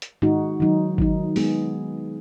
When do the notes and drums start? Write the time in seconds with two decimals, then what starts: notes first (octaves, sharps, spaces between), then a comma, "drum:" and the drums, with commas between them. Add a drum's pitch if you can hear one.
0.02 drum: hi-hat
0.22 D#3 G#3 D#4 F#4, drum: tom G#2
0.60 D#3 F#3 D#4
0.98 D#3 F#3 D#4, drum: kick
1.36 G#3 B3 G#4, drum: open hi-hat